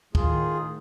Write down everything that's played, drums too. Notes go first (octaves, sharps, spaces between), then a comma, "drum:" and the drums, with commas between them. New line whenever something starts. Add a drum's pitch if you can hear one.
A2 D#3 F4 G#4, drum: kick